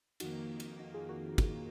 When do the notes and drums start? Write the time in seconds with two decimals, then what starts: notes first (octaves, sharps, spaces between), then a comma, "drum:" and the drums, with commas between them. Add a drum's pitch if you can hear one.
0.20 F2 D#3 A#3 D#4 F#4, drum: cymbal
0.60 drum: cymbal
0.79 D#4 F#4
0.94 F4 G#4
1.09 F#4 A#4
1.38 drum: kick, cymbal